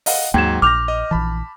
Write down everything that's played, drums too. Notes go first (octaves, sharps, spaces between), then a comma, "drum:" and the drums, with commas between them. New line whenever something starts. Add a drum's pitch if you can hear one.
D#5 F5 F#5, drum: open hi-hat
D#2 G#2 F#3 A#3 G5 G#6 E7
A#1 D6 F6 G6 A#6 F7
D#5
A#1 E3 A5 B5